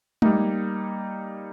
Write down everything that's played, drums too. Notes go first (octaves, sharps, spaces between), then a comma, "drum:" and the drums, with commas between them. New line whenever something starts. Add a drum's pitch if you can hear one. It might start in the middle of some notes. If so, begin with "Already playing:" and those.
G3 A#3 D#4, drum: tom G#3